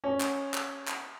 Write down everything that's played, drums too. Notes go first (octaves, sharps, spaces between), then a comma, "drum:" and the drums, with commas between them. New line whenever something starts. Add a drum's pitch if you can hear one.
C#4
drum: clap
drum: clap
drum: clap